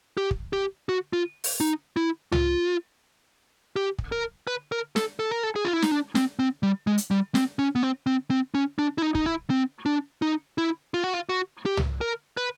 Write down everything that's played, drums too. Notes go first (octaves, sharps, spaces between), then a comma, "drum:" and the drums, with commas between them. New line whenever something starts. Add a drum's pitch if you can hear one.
G4
drum: kick
G4
F#4
F4
drum: open hi-hat
D#4
E4
F4, drum: tom
G4
drum: kick
A#4
B4
A#4
A4, drum: snare
A4
A#4
A4
G#4
F4
E4
D#4, drum: snare
D4
C4, drum: snare
C4
G3
G#3
drum: hi-hat
G3
C4, drum: snare
C#4
B3
C4
C4
C4
C#4
D4
E4
D#4
D#4, drum: kick
E4
C4
D4
D#4
E4
F4
F#4
F4
F#4
G4
drum: tom
A#4
B4